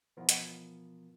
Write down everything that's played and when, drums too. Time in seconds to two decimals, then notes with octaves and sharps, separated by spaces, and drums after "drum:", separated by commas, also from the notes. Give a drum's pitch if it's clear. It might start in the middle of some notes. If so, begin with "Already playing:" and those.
0.17 B2 E3 F3 B3 F4 A#4
0.29 drum: hi-hat